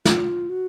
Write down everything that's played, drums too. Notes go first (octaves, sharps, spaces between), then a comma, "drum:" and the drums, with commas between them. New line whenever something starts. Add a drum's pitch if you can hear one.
F4, drum: snare
F#4